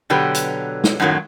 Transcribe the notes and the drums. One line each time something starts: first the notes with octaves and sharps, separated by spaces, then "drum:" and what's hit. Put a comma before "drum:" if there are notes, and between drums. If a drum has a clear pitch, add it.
B2 D3 F#3 G4 B4
drum: hi-hat
drum: snare
F#2 A2 D#3 F#3 A#3